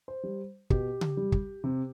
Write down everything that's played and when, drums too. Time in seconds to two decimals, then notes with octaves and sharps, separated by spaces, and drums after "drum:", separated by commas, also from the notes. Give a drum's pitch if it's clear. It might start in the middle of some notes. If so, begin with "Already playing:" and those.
0.08 C5
0.23 G3
0.70 B2 G4, drum: kick
1.01 drum: tom C#3
1.17 G3
1.32 drum: kick
1.64 C3